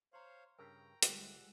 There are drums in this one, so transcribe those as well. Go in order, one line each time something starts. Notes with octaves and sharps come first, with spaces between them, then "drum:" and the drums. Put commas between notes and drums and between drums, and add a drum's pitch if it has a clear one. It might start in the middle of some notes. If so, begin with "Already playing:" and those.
C5 C#5 F5 A#5 C6
G2 C#3 A#4 G5 A#5
D2 G3 G#3 F4 G4 C5 F#5 E6, drum: hi-hat